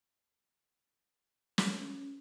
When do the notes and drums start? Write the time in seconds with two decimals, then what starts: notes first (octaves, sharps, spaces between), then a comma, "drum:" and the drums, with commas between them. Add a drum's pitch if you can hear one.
1.58 drum: snare
1.79 C#4